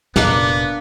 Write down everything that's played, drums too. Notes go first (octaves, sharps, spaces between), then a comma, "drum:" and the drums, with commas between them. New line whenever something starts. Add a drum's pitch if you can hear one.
F1 A#2 A#3 B3 D4 F5, drum: snare